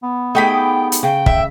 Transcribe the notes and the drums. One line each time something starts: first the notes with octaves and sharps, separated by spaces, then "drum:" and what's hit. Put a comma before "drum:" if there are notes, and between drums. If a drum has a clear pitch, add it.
B3
A3 D#4 G4 G#4 G5 B5
drum: hi-hat
C#3 G5
E5, drum: kick